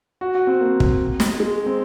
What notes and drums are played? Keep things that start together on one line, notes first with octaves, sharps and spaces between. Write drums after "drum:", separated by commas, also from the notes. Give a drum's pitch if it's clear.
F#4
F#4
C4
A#3
drum: kick
drum: snare
G#3
C4